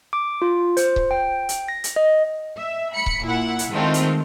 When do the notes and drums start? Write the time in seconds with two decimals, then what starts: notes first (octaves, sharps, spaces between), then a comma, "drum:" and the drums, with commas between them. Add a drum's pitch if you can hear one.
0.13 D6
0.42 F4
0.77 C5, drum: hi-hat
0.96 drum: kick C#1
1.11 G5
1.49 drum: hi-hat
1.68 A#6
1.84 drum: hi-hat
1.96 D#5
2.56 E5
2.94 B5 C#7
3.06 drum: kick C#1
3.24 A#2 E4 F#5
3.59 drum: hi-hat
3.72 D#3 G#3 A3 C4 F4
3.94 drum: hi-hat